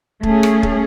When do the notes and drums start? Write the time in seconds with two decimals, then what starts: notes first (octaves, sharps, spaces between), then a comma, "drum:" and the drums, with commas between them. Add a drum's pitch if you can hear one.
0.23 A3 C#4 G#4, drum: kick
0.43 drum: rim click
0.63 drum: kick